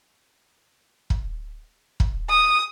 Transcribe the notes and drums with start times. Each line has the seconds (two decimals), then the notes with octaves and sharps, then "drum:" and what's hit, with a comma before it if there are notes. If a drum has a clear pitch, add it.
1.10 drum: kick
2.00 drum: kick
2.30 D#6